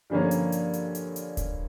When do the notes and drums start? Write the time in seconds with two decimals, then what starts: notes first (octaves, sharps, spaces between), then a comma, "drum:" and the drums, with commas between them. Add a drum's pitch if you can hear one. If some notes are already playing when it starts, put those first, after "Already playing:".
0.10 G2 D3 F3 A#3 C#4
0.31 drum: hi-hat
0.52 drum: hi-hat
0.73 drum: hi-hat
0.95 drum: hi-hat
1.16 drum: hi-hat
1.37 drum: kick D1, hi-hat